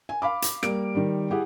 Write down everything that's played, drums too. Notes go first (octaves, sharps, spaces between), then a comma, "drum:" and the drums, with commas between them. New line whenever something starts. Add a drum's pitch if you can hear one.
G#5
F5 B5 D6
drum: hi-hat
G3 A#3 D7, drum: rim click
D#3 G3
E4 G4 G#4 F#5